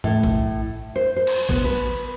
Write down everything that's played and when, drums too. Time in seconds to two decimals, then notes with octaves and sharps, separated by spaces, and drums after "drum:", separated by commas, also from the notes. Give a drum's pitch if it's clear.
0.04 A2, drum: tom
0.23 drum: kick A1
0.96 C5
1.16 C5
1.27 drum: cymbal
1.49 B3, drum: kick A1
1.64 B4